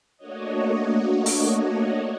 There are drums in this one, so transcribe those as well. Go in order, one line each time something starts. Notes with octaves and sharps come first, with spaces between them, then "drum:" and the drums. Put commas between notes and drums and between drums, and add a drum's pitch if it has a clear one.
A3 A#3 D4 F#4 C#5 D#5
drum: open hi-hat